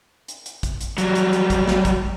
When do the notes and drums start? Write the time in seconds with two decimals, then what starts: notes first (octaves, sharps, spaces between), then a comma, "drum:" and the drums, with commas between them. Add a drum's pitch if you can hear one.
0.28 drum: hi-hat
0.46 drum: hi-hat
0.63 drum: kick, hi-hat
0.81 drum: hi-hat
0.98 F#3 G3, drum: hi-hat
1.15 drum: hi-hat
1.33 drum: hi-hat
1.50 drum: kick, hi-hat
1.68 drum: snare
1.85 drum: kick, hi-hat